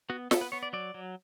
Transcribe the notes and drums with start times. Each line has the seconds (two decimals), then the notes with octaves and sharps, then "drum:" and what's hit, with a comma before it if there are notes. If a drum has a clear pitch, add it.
0.10 B3 F#4
0.31 B3 A4, drum: snare
0.41 B4
0.52 B3 C#5
0.63 D5
0.73 F#3 D5
0.94 F#3